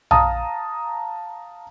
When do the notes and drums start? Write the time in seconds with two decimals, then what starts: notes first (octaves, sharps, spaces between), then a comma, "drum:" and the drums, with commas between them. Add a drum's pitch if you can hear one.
0.11 F5 A5 A#5 D#6, drum: tom A#1